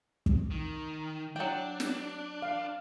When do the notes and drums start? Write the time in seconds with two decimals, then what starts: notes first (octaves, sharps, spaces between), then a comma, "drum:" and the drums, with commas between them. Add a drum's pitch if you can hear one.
0.26 drum: kick
0.51 D#3
1.36 F#3 D4 G5
1.80 drum: snare
2.42 F5